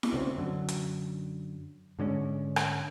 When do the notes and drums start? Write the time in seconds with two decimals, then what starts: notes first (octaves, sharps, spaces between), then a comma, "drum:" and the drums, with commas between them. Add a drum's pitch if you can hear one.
0.03 drum: snare E4
0.13 D2 C#3 B3 C4
0.35 F#2 D3 F#3
0.69 drum: hi-hat
1.99 G#2 D3 G#3 C#4
2.56 drum: rim click